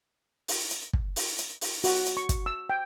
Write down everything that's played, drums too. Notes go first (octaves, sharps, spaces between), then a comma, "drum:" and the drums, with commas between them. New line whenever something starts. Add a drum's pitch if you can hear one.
drum: open hi-hat
drum: hi-hat
drum: kick
drum: open hi-hat
drum: hi-hat
drum: open hi-hat
F#4, drum: open hi-hat
drum: hi-hat
C#6
drum: kick, hi-hat
E6
G5